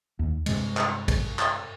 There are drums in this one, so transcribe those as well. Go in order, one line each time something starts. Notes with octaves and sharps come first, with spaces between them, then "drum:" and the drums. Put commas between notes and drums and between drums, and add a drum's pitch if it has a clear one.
D#2
G2 C3 G#3, drum: cymbal
drum: clap
drum: kick, cymbal
drum: clap